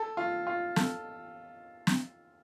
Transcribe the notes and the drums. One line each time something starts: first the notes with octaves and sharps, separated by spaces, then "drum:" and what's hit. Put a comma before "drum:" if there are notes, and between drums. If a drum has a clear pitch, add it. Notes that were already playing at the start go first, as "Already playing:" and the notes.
Already playing: A4
F4
F4
A4, drum: snare
drum: snare